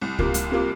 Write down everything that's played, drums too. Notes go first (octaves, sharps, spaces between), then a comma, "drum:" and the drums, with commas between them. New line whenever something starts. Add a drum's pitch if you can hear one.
C2
C3 A#3 F4, drum: kick C#2
C2, drum: hi-hat
C3 A#3 F4